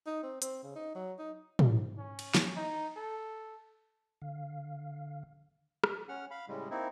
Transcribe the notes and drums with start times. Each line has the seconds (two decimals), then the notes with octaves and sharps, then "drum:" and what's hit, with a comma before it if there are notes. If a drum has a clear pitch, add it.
0.07 D#4
0.23 C4
0.42 C4, drum: hi-hat
0.63 C#3
0.76 D#4
0.95 F#3
1.19 D#4
1.59 drum: tom
1.98 C#4
2.19 drum: cymbal
2.35 drum: snare
2.56 D#4
2.96 A4
4.22 D3 F5
5.84 drum: rim click
6.09 C#4 F#5 F6
6.31 F5 B5
6.48 A2 C#3 G3 G#3
6.71 A#3 C4 D#4 E4